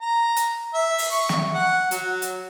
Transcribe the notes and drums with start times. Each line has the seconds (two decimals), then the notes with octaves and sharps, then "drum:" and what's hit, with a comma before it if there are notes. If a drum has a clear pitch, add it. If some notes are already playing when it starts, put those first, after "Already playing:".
0.01 A#5
0.36 drum: hi-hat
0.74 E5
0.98 drum: open hi-hat
1.12 C#6
1.29 drum: snare
1.54 F#5
1.91 F#3, drum: hi-hat
2.22 drum: hi-hat